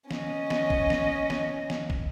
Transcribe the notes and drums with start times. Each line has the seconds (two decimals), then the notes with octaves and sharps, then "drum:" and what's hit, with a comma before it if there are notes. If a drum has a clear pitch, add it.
0.11 C#4 D#5, drum: snare
0.50 drum: snare
0.70 drum: kick
0.90 drum: snare
1.30 drum: snare
1.70 drum: snare
1.90 drum: kick